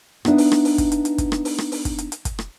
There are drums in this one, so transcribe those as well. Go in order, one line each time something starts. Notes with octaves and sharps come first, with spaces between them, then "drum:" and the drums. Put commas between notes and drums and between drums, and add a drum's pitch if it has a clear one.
B3 D4 D#4 B4 E5, drum: rim click
drum: open hi-hat
drum: rim click
drum: open hi-hat
drum: kick, hi-hat
drum: hi-hat
drum: hi-hat
drum: kick, hi-hat
drum: rim click
drum: open hi-hat
drum: rim click
drum: open hi-hat
drum: kick, hi-hat
drum: hi-hat
drum: hi-hat
drum: kick, hi-hat
drum: rim click